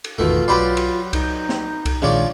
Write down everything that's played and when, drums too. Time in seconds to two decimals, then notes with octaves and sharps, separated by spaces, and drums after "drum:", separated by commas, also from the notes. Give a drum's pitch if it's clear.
0.04 drum: cymbal
0.18 G#1 E2 B2 D#3 A3 F4
0.48 B1 F#3 G4 B4 D5 B5 C6
0.77 drum: cymbal
1.13 D#4 G6, drum: kick C2, cymbal
1.49 drum: snare
1.85 drum: kick C2, cymbal
2.02 A#1 D#3 F3 G#3 D4 F4 C#5 D5